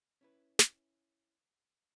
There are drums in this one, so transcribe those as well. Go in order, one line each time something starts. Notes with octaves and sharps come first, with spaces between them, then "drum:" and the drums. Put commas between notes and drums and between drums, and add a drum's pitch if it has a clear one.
C#4 E4 B4
drum: snare